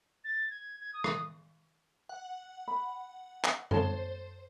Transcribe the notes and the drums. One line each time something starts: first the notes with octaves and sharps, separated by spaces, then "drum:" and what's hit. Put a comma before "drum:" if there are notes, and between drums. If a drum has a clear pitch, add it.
A6
G#6
G#6
D#6
drum: rim click
F#5
B5
drum: clap
A4 C5 C#5 A5, drum: tom F#2